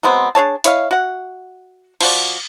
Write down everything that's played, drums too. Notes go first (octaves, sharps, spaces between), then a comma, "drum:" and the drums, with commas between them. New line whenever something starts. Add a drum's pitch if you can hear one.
F#3 G#3 B3 C4
D4 G#4 C#5 A5
E4 C#5 D#5 F5, drum: hi-hat
F#4 F#5
F3 F#4 D5, drum: cymbal